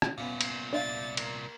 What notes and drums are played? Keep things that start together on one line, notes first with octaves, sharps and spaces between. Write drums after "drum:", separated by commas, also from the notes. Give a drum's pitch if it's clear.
drum: rim click
C2 A#2 B3 C#4 F4
drum: cymbal
D4 E5 F5 A6
A#3, drum: cymbal